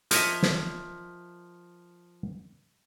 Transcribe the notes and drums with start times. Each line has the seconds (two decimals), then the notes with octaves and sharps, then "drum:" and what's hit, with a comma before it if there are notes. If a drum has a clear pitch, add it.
0.11 F3 A#4 C#5 D#5 E5, drum: hi-hat
0.43 drum: snare